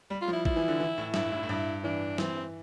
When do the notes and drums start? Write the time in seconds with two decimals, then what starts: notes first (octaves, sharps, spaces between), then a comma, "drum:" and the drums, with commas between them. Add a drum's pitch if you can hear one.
0.10 G3
0.21 F4
0.28 F3
0.33 E4
0.45 F3 E4, drum: kick A1
0.56 E3
0.68 D3
0.80 E3
0.98 A2
1.14 G2 E4, drum: snare
1.32 A2
1.43 A2
1.49 G2
1.84 E3 D4
2.18 E3 C4, drum: snare